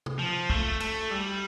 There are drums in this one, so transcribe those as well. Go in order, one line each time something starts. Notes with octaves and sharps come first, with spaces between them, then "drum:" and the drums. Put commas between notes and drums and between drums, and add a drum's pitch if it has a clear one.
drum: tom
F3
A3, drum: kick
A3, drum: cymbal
G3